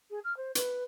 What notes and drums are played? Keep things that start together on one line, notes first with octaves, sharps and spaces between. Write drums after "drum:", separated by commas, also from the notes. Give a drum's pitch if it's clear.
G#4
F6
C5
B4, drum: hi-hat